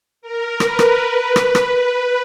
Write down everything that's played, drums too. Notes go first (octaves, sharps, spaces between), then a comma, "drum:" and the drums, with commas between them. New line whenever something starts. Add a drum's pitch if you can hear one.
A#4
B4, drum: rim click
drum: rim click
B4
drum: rim click
drum: rim click